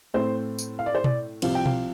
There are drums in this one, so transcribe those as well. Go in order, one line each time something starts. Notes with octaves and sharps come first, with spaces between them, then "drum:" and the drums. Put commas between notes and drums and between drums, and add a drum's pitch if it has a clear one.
A2 A3 C4 C5
drum: tambourine
F5
D5
C5
D5, drum: tom B2
C2 C3 F3 C4 F5, drum: cymbal
G5
F5, drum: tom B2